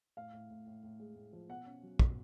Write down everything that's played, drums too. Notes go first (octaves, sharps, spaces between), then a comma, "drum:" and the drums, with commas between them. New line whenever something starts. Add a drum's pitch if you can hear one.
A2 F5
A2
A2
A2
A2
G#3
A2
F3
B2 F#5
C#4
F#3
B2, drum: kick